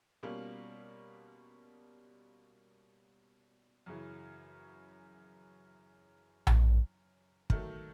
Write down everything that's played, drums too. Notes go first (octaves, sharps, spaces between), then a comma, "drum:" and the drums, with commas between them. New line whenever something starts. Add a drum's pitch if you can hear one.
B2 G3 A#3 C#4 F4
F#2 C#3 E3
drum: tom A#1
D#3 F#3 A3, drum: kick